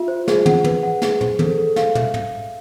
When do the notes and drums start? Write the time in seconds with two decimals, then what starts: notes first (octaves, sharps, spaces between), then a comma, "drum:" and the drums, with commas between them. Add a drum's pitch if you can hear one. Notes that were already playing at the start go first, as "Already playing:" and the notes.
Already playing: F4 E5
0.08 C5
0.28 G#4, drum: snare
0.46 F#5, drum: tom
0.64 B4, drum: tom
0.83 F#5
1.02 G#4, drum: snare
1.21 C5, drum: tom
1.39 A4, drum: tom
1.58 A4
1.76 F5, drum: snare
1.95 E5, drum: tom
2.14 drum: tom